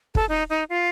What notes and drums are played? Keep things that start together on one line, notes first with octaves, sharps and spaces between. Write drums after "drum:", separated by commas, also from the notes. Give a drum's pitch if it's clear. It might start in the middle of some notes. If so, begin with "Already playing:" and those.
A4, drum: kick
D#4
D#4
F4